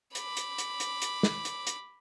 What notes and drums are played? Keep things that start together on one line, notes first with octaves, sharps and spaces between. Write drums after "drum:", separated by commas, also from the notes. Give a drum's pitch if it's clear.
B5 D6, drum: hi-hat
drum: hi-hat
drum: hi-hat
drum: hi-hat
drum: hi-hat
drum: snare
drum: hi-hat
drum: hi-hat